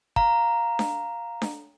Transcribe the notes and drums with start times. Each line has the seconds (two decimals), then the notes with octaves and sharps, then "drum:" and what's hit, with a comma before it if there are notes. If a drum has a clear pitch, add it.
0.16 F5 A#5, drum: kick
0.79 drum: snare D4
1.42 drum: snare D4